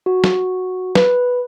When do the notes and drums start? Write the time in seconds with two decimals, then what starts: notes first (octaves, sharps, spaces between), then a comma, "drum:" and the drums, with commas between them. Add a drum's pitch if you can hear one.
0.06 F#4
0.24 drum: snare
0.95 B4, drum: snare